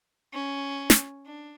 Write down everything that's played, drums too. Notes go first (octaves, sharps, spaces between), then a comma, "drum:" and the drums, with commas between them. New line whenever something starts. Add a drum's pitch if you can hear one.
C#4
drum: snare
D4